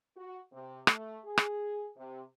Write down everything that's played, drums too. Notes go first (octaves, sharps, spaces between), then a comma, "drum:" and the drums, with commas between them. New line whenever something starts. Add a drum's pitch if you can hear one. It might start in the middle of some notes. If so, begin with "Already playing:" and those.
F#4
C3
A3, drum: rim click
G#4
drum: rim click
C3